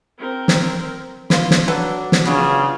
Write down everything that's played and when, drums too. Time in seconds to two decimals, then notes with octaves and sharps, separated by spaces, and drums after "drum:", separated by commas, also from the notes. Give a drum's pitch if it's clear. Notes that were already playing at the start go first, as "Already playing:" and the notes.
0.18 C4 A#4
0.48 drum: snare
1.30 F4 B4 C6, drum: snare
1.51 drum: snare
1.68 F#3 D4 A4 B4
2.12 drum: snare
2.25 C#3 B3 D4 F4 G#4